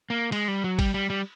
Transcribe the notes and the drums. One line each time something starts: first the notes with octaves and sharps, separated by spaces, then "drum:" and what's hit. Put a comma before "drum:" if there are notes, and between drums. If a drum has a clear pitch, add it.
A#3
G#3, drum: cymbal
G3
F#3
G3, drum: kick, cymbal
G3
G3